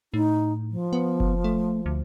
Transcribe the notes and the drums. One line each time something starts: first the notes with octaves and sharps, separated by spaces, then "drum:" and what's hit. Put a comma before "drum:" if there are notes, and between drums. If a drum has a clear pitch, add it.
A2 D#4
F3
B3
drum: kick F#1
A3
D2